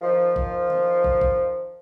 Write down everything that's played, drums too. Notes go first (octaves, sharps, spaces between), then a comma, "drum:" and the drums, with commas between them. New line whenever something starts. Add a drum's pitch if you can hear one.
D#3 F3
drum: kick
drum: tom D#3
drum: kick
drum: kick